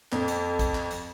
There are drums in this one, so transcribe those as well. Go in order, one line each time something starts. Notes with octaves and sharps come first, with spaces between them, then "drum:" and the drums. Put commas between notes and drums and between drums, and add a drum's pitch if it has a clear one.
F2 A4, drum: clap
drum: hi-hat
drum: kick, hi-hat
drum: clap
drum: hi-hat